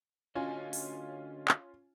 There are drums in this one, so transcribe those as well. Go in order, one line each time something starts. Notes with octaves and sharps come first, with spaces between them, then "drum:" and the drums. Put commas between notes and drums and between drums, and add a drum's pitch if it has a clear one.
D3 C#4 F4 F#4 D#5 G#5
drum: open hi-hat
drum: clap